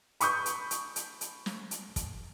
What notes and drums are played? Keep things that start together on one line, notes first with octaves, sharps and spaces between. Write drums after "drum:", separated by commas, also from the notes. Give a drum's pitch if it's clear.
B5 C#6 D#6 G6, drum: hi-hat
drum: hi-hat
drum: hi-hat
drum: hi-hat
drum: hi-hat
drum: snare
drum: hi-hat
drum: kick, hi-hat